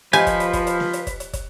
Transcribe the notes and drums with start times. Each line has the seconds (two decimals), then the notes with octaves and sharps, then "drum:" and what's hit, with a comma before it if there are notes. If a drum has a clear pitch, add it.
0.13 F3 G4 B4 D#5 G#5, drum: hi-hat
0.27 drum: kick, hi-hat
0.40 drum: hi-hat
0.53 drum: kick, hi-hat
0.67 drum: hi-hat
0.80 drum: snare
0.93 drum: hi-hat
1.07 drum: kick, hi-hat
1.20 drum: hi-hat
1.33 drum: kick, hi-hat